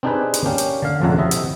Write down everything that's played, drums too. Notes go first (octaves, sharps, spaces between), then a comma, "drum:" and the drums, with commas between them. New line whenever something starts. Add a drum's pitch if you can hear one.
C4 D4 D#4 G4 G#4 B4
drum: hi-hat
A#3 C#4 D4 G4
drum: hi-hat
D3 F5
A#1 F2 C#3 A3 F#5 A#5
C3 E4 D#5 E5
drum: hi-hat